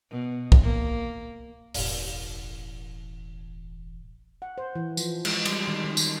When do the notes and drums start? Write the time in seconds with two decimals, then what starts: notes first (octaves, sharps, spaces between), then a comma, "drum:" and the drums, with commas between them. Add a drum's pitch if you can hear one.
0.11 B2
0.52 drum: kick
0.62 A#3
1.74 E1 A1, drum: open hi-hat
4.42 F#5
4.58 C5
4.75 E3
4.97 F3, drum: tambourine
5.25 G#3, drum: cymbal
5.45 G3, drum: cymbal
5.68 D#3
5.84 D#3
5.97 D#3, drum: tambourine